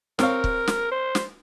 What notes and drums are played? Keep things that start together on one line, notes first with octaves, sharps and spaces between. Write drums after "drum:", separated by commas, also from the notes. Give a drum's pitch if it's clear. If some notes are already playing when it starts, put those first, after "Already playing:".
C4 A#4 C#5 F5, drum: snare
drum: kick
drum: snare
C5
drum: snare